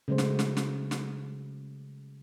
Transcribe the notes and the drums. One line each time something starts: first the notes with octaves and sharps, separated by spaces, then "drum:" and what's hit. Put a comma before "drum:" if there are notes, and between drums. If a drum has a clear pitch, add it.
C#3 F#3 G#3 A3 C5
drum: snare
drum: snare
drum: snare
drum: snare